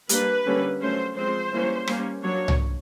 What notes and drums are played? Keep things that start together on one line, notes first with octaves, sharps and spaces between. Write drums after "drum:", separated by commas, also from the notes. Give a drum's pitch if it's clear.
G3 A#3 D4 B4, drum: hi-hat
D3 G3 A#3 C#4
F#3 A3 C#4 C5
F3 G#3 C4 C5
E3 G3 A#3 C#4
G3 A#3 C#4, drum: rim click
F#3 A#3 D4 C#5
drum: tom C2